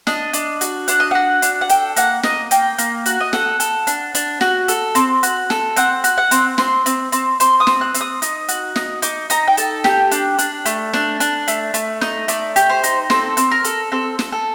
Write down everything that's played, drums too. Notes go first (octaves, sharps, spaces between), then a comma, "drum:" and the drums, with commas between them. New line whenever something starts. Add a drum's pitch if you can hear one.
D4 D#5, drum: snare
D4, drum: hi-hat
F#4, drum: hi-hat
D4 F#5, drum: hi-hat
D#5
F#4 F#5
D4, drum: hi-hat
F#5
A4 G5, drum: hi-hat
A#3 F#5, drum: hi-hat
A#3 D#5, drum: snare
A#3 G5, drum: hi-hat
A#3, drum: hi-hat
F#4, drum: hi-hat
D#5
A4 F#5, drum: snare
A4, drum: hi-hat
D4, drum: hi-hat
D4, drum: hi-hat
F#4, drum: snare
A4, drum: hi-hat
C4, drum: hi-hat
F#4, drum: hi-hat
A4, drum: snare
C4 F#5, drum: hi-hat
F#4, drum: hi-hat
F#5
C4, drum: hi-hat
C4 C6, drum: snare
C4, drum: hi-hat
C4, drum: hi-hat
C4 C6, drum: hi-hat
D#6
C4, drum: snare
F#6
C4, drum: hi-hat
D#6
D#4, drum: hi-hat
F#4, drum: hi-hat
D#4, drum: snare
D#4 D6, drum: hi-hat
D#4 A#5, drum: hi-hat
G5
A4 A5, drum: hi-hat
G4 G5, drum: snare
D4, drum: hi-hat
D4, drum: hi-hat
A3, drum: hi-hat
D4, drum: snare
D4, drum: hi-hat
A3, drum: hi-hat
A3, drum: hi-hat
D#4, drum: snare
A3 D5, drum: hi-hat
G4, drum: hi-hat
C5
D#4, drum: hi-hat
C4 A4, drum: snare
C4, drum: hi-hat
A#4
A4, drum: hi-hat
C4 A4
A4, drum: snare
A4